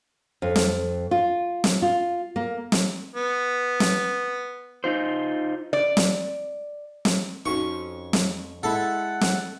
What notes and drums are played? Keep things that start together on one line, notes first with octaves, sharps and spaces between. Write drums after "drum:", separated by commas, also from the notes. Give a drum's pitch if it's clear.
F2
drum: snare
F4
drum: snare
F4
A#3
drum: snare
B3
drum: snare
D#4 F4 C5
D5
drum: snare
drum: snare
F2 C4 C#4 D#4 F#4 C#6
drum: snare
G#3 E4 A4 F#5
drum: snare